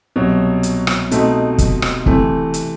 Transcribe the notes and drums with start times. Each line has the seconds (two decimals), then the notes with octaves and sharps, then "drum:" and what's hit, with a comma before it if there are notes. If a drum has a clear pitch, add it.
0.16 C2 B2 F#3
0.63 drum: hi-hat
0.87 drum: rim click
1.11 B2 A3 C4 D#4, drum: hi-hat
1.58 drum: kick, hi-hat
1.82 drum: rim click
2.06 C3 E3 A3 C4, drum: kick
2.54 drum: hi-hat